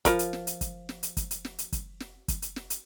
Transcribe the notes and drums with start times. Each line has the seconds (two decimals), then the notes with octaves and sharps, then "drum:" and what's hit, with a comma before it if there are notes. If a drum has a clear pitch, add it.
0.05 F3 A#4 B5, drum: kick F#1, hi-hat
0.19 drum: hi-hat
0.33 drum: snare
0.47 drum: hi-hat
0.61 drum: kick F#1, hi-hat
0.89 drum: snare
1.03 drum: hi-hat
1.17 drum: kick F#1, hi-hat
1.31 drum: hi-hat
1.45 drum: snare
1.59 drum: hi-hat
1.72 drum: kick F#1, hi-hat
2.00 drum: snare
2.28 drum: kick F#1, hi-hat
2.42 drum: hi-hat
2.56 drum: snare
2.70 drum: hi-hat